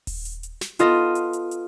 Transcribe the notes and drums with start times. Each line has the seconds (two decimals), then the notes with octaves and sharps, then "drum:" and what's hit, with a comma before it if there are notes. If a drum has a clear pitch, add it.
0.07 drum: kick D#1, open hi-hat
0.25 drum: hi-hat
0.43 drum: hi-hat
0.61 drum: snare
0.79 B3 F4 A4 D#5, drum: hi-hat
1.15 drum: hi-hat
1.33 drum: hi-hat
1.51 drum: hi-hat